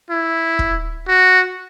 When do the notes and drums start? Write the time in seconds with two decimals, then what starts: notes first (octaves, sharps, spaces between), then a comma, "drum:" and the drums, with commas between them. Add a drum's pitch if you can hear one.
0.10 E4
0.59 drum: kick
1.08 F#4